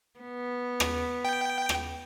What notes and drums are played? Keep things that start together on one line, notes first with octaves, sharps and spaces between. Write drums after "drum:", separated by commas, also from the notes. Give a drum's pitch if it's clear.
B3
drum: rim click
G5
drum: rim click